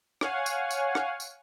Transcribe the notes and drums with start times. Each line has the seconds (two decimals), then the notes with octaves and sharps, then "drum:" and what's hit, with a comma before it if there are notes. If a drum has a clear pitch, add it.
0.21 C#5 F5 F#5 G#5, drum: rim click
0.46 drum: tambourine
0.71 drum: tambourine
0.95 drum: rim click
1.20 drum: tambourine